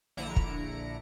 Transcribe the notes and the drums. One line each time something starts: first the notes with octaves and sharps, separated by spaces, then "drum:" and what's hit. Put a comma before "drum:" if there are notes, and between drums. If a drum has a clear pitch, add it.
A#1 D3 E4 A#5 C#7 D7
drum: kick